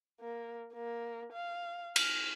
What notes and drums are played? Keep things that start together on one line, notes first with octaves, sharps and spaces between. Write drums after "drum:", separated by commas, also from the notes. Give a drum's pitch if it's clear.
A#3
A#3
F5
F6, drum: cymbal